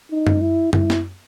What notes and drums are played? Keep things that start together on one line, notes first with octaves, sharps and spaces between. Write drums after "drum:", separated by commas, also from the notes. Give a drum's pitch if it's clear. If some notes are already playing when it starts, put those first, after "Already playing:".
D#4
drum: tom F#2
E4
E4, drum: tom F#2
drum: snare